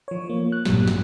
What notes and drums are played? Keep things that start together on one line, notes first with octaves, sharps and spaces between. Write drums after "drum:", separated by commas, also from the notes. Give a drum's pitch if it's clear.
F3 C#5
A#3
F#6
A#1 G2 A#2 F#3 G3, drum: snare
drum: snare